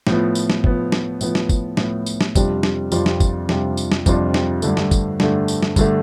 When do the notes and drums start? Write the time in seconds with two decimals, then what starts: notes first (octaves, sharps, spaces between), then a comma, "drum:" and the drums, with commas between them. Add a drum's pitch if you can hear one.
0.07 A2 F3 B3, drum: snare
0.35 drum: tambourine
0.50 drum: snare
0.64 A2 F3 B3, drum: kick G1
0.92 drum: snare
1.21 A2 F3 B3, drum: tambourine
1.35 drum: snare
1.49 drum: kick G1, tambourine
1.77 A2 F3 B3, drum: snare
2.06 drum: tambourine
2.21 drum: snare
2.35 F2 C3 G3 D4 F4, drum: kick G1, tambourine
2.63 drum: snare
2.92 F2 C3 G3 D4 F4, drum: tambourine
3.06 drum: snare
3.20 drum: kick G1, tambourine
3.49 F2 C3 G3 D4 F4, drum: snare
3.77 drum: tambourine
3.92 drum: snare
4.06 F2 C3 G3 D4 F4, drum: kick G1, tambourine
4.34 drum: snare
4.62 G2 D3 A3, drum: tambourine
4.77 drum: snare
4.91 drum: kick G1, tambourine
5.20 G2 D3 A3, drum: snare
5.48 drum: tambourine
5.63 drum: snare
5.76 G2 D3 A3, drum: kick G1, tambourine